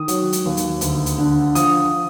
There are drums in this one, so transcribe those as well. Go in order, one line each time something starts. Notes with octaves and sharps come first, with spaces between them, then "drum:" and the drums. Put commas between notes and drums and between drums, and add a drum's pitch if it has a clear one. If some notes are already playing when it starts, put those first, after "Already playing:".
Already playing: D#3 D#6
F#3, drum: hi-hat
drum: hi-hat
D#2
drum: hi-hat
D2, drum: hi-hat
drum: hi-hat
D3
F3 D#6, drum: hi-hat